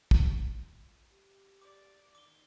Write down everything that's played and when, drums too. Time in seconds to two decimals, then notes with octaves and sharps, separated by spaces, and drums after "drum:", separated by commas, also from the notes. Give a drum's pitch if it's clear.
0.11 F4, drum: kick
1.09 G4
1.62 D5 D6
2.15 D#3 D6 G7